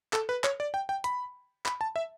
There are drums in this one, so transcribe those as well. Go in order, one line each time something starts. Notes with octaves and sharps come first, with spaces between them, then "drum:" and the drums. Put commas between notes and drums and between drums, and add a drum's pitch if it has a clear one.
A4, drum: clap
B4
C#5, drum: clap
D5
G5
G5
B5, drum: hi-hat
B5, drum: clap
A5
E5